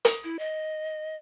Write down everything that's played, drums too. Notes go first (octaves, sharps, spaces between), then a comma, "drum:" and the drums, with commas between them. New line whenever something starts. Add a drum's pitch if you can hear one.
drum: hi-hat
E4
D#5